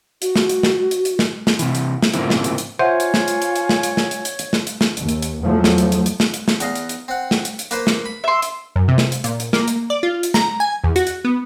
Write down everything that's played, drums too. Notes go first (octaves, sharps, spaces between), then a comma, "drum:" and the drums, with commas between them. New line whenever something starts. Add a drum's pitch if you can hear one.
F#4, drum: hi-hat
drum: snare
drum: hi-hat
drum: snare
drum: hi-hat
drum: hi-hat
drum: snare
drum: snare
C3 E3, drum: hi-hat
drum: hi-hat
drum: snare
G#2 C#3 F3 A#3 C4 E4, drum: hi-hat
drum: snare
drum: hi-hat
drum: hi-hat
F4 C5 C#5 E5 F#5 G#5
drum: hi-hat
drum: snare
drum: hi-hat
drum: hi-hat
drum: hi-hat
drum: snare
drum: hi-hat
drum: snare
drum: hi-hat
drum: hi-hat
drum: hi-hat
drum: snare
drum: hi-hat
drum: snare
D#2, drum: hi-hat
drum: hi-hat
drum: hi-hat
E2 F3 F#3 A3
drum: snare
drum: hi-hat
drum: hi-hat
drum: hi-hat
drum: snare
drum: hi-hat
drum: snare
E2 D#5 F5, drum: hi-hat
drum: hi-hat
drum: hi-hat
C4 F#5
drum: snare
drum: hi-hat
drum: hi-hat
A#3 B4 C5, drum: hi-hat
drum: snare
B5
E5 C6
drum: hi-hat
F#2
C3
drum: snare
drum: hi-hat
A#2, drum: hi-hat
drum: hi-hat
A#3, drum: snare
drum: hi-hat
D5
F4
drum: hi-hat
A#5, drum: snare
G#5
E2
F#4, drum: hi-hat
drum: hi-hat
B3